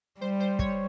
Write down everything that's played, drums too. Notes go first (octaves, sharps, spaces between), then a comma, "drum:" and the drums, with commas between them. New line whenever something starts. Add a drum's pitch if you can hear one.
G3 C5
C5
C#5, drum: kick